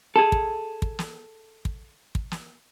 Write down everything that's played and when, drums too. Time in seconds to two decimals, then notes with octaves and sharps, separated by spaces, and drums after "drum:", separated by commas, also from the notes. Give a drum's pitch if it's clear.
0.16 G#4 A4
0.32 drum: kick
0.82 drum: kick
0.99 drum: snare
1.65 drum: kick
2.15 drum: kick
2.31 drum: snare